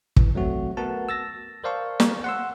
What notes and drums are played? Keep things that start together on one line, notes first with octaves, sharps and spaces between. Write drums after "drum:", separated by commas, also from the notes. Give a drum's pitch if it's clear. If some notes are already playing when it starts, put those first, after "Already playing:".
E3, drum: kick
F#3 A3 C4 F#4
A3 B3 F#4 A#4 F#5 A5
E6 A6 A#6
A#4 C5 D5 F5 A5 C#6
drum: snare
F#5 C6 E6